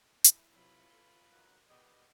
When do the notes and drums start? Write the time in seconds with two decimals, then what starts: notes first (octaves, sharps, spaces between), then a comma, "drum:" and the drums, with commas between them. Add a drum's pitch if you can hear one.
0.24 E4, drum: hi-hat
0.56 C3 F#3 F4 B4 C#5
0.90 A4 C6
1.33 F3 F#3 A#3 D#4 F#4 F#6
1.69 B2 D#3 G3 B3 G#4 D#5